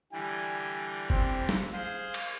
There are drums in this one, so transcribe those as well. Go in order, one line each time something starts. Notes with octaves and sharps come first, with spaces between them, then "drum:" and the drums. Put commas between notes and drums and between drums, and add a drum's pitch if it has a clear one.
D3 E3 G3 G#5
C4, drum: kick
drum: snare
G#4 C5 F5
drum: cymbal